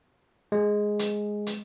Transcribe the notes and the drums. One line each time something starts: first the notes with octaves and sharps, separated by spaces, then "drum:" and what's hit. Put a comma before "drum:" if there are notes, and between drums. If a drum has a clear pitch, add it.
G#3
drum: hi-hat
drum: hi-hat